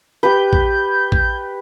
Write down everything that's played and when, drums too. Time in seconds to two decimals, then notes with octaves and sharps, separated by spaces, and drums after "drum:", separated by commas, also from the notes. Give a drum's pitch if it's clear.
0.23 G4 B4 G6
0.53 drum: kick
1.12 drum: kick